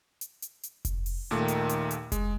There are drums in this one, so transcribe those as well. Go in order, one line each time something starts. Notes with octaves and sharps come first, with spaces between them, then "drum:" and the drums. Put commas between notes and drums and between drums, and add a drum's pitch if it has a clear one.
drum: hi-hat
drum: hi-hat
drum: hi-hat
drum: kick F1, hi-hat
drum: open hi-hat
D#2 A#2 D#3 A3
drum: hi-hat
drum: hi-hat
drum: hi-hat
G#3, drum: kick F1, hi-hat